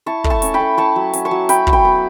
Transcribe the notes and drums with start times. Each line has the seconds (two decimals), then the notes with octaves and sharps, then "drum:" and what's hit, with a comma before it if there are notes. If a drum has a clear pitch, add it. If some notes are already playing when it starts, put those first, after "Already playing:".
0.06 E4 A5 C#6
0.24 A3, drum: kick
0.30 A5 C#6
0.42 C#4, drum: hi-hat
0.54 G5 B5
0.60 A3
0.78 E4 A5 C#6
0.96 F#3
1.13 C#4, drum: hi-hat
1.25 A5 C#6
1.31 F#3
1.49 E4 G5 B5, drum: hi-hat
1.67 F#3, drum: kick
1.73 G5 B5
1.85 B3